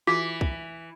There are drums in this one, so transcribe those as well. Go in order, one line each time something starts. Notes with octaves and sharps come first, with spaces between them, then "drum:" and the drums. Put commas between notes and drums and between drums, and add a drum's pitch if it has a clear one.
E3 F4 F#4 G#4 D6 B6
drum: kick